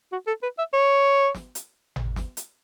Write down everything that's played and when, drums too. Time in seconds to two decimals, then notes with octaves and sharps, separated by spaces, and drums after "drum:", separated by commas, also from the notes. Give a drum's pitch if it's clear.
0.12 F#4
0.27 A4
0.43 B4
0.58 E5
0.73 C#5
1.35 drum: snare
1.55 drum: hi-hat
1.96 drum: tom G#1
2.16 drum: snare
2.37 drum: hi-hat